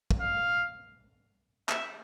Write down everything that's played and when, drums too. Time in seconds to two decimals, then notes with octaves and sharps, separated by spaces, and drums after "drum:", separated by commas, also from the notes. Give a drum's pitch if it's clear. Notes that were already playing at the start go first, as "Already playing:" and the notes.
0.11 drum: kick
0.21 F5
1.69 E5, drum: clap